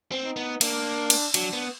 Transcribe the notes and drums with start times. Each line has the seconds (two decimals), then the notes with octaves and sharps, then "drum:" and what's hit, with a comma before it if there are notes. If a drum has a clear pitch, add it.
0.12 C4
0.25 D#4
0.36 B3
0.61 A#3 D4, drum: cymbal
1.10 drum: cymbal
1.34 F#3 D4, drum: cymbal
1.53 B3